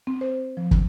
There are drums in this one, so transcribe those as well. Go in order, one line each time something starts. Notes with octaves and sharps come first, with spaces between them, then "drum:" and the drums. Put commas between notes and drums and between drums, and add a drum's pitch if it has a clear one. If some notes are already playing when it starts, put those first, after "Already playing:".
C4
C5
F3
drum: kick